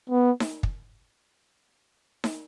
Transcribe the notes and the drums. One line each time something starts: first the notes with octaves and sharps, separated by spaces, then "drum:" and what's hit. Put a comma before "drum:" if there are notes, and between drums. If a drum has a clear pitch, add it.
B3
drum: snare D#4
drum: kick
drum: snare D#4